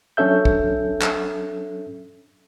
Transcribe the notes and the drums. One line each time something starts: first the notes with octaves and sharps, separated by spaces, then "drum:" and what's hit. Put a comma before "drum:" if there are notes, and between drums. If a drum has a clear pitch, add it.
F#3 C#4 D4 A4 E5 G6
drum: kick
drum: clap